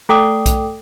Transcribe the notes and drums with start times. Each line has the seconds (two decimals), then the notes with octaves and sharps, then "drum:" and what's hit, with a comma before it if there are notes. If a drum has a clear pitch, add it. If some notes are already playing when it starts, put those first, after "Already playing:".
0.09 A3 A4 G5 D6 D#6
0.46 drum: kick B1, hi-hat